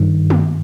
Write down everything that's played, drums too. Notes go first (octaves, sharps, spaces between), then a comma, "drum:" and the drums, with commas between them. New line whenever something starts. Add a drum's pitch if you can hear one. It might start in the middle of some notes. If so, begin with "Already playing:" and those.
Already playing: G2 D#3
drum: tom